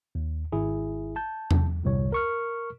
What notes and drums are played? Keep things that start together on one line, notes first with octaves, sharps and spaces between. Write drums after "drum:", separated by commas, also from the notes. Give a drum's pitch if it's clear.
D#2
G#1 E4 G#4
A5 G6
drum: tom E2
G1 C2 C#5
A#4 C#6 F6